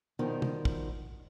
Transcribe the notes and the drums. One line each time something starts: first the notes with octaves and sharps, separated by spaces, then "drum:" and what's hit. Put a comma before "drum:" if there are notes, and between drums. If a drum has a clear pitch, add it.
G2 B2 D#3 F3 A#4
drum: tom
drum: kick